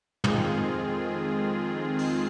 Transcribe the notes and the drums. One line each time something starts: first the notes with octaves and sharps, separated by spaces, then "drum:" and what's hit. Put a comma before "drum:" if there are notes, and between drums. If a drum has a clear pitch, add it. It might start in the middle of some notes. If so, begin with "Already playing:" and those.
F2 D#3 G#3 C4 F4 G#4, drum: tom
drum: open hi-hat